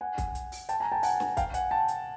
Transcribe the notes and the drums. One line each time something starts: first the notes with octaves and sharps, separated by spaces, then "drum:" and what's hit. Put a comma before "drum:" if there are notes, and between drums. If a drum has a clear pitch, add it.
F#5 G#5
drum: kick, hi-hat
drum: hi-hat
drum: open hi-hat
G5 A5, drum: hi-hat
G#5 A#5
G5 A5
F#5 G#5, drum: open hi-hat
drum: snare
F5 G5, drum: kick, hi-hat
F#5 G#5, drum: hi-hat
G5 A5
drum: hi-hat